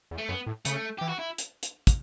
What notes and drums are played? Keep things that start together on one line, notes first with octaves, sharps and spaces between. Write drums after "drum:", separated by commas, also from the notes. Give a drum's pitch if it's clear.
E2
A3
F#2 B3
A2
C#3 A3, drum: hi-hat
E3 G4
F#4
E4
drum: hi-hat
drum: hi-hat
drum: kick, hi-hat